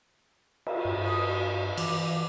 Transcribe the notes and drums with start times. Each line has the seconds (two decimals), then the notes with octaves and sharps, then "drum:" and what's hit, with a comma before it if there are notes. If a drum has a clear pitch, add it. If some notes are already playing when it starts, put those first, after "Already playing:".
0.67 drum: cymbal
0.85 G2
1.07 D#6
1.27 F#4
1.77 E3 D6, drum: cymbal